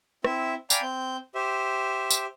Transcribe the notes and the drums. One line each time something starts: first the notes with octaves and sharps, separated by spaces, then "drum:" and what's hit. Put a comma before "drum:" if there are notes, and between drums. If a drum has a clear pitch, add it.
C4 E4 E5, drum: rim click
D5 F5 G5 G#5 A#5 B5, drum: tambourine
C4 G6
G4 C5 E5
drum: tambourine